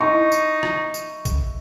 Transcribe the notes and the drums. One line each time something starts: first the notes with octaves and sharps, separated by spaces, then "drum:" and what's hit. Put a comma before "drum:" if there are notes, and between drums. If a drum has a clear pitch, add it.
D#4 E4 D#5 C#6
drum: tambourine
drum: rim click
drum: tambourine
drum: kick A#1, tambourine